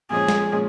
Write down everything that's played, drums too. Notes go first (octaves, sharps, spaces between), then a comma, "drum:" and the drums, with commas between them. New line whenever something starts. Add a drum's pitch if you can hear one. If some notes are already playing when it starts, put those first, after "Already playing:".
A#2 F3 G#3 C#4 G#4
drum: snare
A#2 F3 G#3 C#4